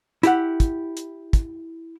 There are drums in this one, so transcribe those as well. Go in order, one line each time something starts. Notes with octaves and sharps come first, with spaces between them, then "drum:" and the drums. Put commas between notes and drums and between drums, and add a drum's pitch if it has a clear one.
E4 G4 F#5, drum: hi-hat
drum: kick, hi-hat
drum: hi-hat
drum: kick, hi-hat